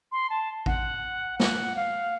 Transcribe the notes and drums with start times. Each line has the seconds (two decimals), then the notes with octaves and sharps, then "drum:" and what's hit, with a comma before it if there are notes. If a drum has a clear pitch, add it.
0.12 C6
0.30 A5
0.66 F#5, drum: kick A1
1.40 F#5, drum: snare
1.76 F5